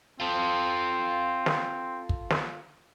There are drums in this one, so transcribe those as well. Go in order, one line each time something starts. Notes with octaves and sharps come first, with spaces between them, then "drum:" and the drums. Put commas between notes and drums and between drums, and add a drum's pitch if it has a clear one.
C4 F4 A4
drum: snare
drum: kick
drum: snare